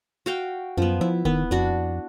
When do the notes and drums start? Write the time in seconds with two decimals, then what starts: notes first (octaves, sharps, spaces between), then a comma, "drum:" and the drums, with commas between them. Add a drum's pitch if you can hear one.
0.26 F#4 F5 G5
0.77 F#2 F3 B3
1.01 F3 E4
1.25 D#3 B3, drum: kick D#1
1.51 F2 D4 F#4